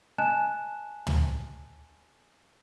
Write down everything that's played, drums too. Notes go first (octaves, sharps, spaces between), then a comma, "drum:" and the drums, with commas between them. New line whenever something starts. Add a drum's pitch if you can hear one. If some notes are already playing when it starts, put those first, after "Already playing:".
D#5 G#5 A5 F#6 E7
drum: tom